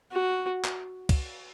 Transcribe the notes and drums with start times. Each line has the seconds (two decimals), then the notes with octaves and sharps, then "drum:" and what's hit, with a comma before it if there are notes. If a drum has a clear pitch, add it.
0.12 F#4
0.65 drum: clap
1.09 drum: kick, cymbal